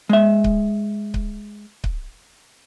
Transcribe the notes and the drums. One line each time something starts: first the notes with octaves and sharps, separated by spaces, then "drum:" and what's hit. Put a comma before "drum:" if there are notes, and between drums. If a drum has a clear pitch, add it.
G#3 E5
drum: kick C#1
drum: kick C#1
drum: kick C#1